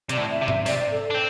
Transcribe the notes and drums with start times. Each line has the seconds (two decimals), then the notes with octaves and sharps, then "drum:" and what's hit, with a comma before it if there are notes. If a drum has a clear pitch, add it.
0.09 C3 D5, drum: hi-hat
0.17 A2
0.29 E5
0.42 C3
0.48 E5, drum: tom G#2
0.66 C3 D5, drum: open hi-hat
0.91 A4
1.10 D4
1.14 C4